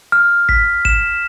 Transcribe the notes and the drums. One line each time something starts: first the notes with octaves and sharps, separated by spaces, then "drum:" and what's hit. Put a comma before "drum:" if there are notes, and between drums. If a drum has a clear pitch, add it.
F6
B6, drum: kick
E7, drum: kick